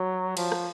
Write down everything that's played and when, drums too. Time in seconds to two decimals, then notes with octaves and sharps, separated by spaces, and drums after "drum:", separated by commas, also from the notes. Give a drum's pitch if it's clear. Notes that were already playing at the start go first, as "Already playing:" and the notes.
Already playing: F#3
0.37 F3, drum: cymbal
0.52 drum: rim click